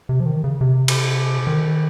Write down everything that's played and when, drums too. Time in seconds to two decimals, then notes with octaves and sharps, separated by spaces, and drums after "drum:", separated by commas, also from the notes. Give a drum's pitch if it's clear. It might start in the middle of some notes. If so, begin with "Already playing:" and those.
0.09 C3
0.20 F3
0.26 D#3
0.44 C#3
0.61 C3
0.88 drum: cymbal
1.47 D#3